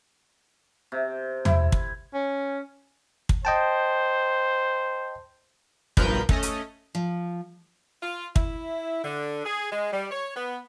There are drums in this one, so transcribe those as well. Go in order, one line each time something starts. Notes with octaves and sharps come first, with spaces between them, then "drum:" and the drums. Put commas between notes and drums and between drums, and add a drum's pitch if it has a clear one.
C3
E4, drum: tom
drum: kick
C#4
drum: kick
C5 D#5 G5 A5
B1 G2 F3 A#4 B4 G6, drum: kick
A3 C#4 D#5, drum: kick
drum: hi-hat
F3
F4
E4, drum: kick
D3
G#4
G#3
G3
C#5
B3